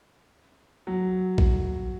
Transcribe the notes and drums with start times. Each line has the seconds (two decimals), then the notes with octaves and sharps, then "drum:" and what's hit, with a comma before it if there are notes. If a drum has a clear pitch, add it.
0.87 F#3
1.38 drum: kick A#1